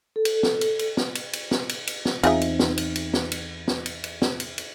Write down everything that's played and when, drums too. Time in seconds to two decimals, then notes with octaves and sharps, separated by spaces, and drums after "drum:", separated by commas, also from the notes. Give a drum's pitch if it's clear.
0.16 A4
0.25 drum: cymbal
0.43 drum: snare
0.61 drum: cymbal
0.79 drum: cymbal
0.97 drum: snare
1.15 drum: cymbal
1.33 drum: cymbal
1.51 drum: snare
1.69 drum: cymbal
1.87 drum: cymbal
2.05 drum: snare
2.23 E2 C4 D#4 F4 G#4 E5, drum: cymbal
2.41 drum: cymbal
2.59 drum: snare
2.78 drum: cymbal
2.96 drum: cymbal
3.14 drum: snare
3.32 drum: cymbal
3.68 drum: snare
3.86 drum: cymbal
4.04 drum: cymbal
4.22 drum: snare
4.40 drum: cymbal
4.58 drum: cymbal